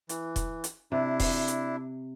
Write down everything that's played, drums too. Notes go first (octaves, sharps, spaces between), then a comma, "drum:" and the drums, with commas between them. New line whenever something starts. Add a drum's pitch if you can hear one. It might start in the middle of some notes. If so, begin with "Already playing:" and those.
E3, drum: hi-hat
drum: kick E1, hi-hat
drum: hi-hat
C3 D4 E4
drum: kick E1, open hi-hat
drum: hi-hat